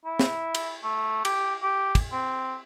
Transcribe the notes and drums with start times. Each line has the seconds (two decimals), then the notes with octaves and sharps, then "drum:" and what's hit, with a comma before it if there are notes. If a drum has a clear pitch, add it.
0.05 E4
0.19 drum: snare
0.55 drum: cymbal
0.84 A3
1.25 G4, drum: cymbal
1.63 G4
1.95 drum: kick, cymbal
2.12 C4